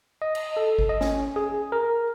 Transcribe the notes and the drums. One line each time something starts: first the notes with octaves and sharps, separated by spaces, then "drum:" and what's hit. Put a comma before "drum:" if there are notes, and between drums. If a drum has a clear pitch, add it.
D#5
drum: cymbal
A4
drum: kick G#1
D#5
C#4, drum: snare
G#4
A#4